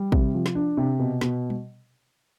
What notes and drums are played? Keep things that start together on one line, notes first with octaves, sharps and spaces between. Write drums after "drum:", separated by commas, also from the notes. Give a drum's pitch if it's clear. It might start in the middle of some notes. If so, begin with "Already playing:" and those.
Already playing: G3
C3, drum: kick
F3
drum: snare
D4
C3
B2
B2, drum: snare
drum: tom G3